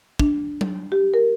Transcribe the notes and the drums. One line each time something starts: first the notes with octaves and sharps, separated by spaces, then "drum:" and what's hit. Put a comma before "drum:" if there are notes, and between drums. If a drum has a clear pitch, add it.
D4, drum: kick
drum: tom F#3
G4
A#4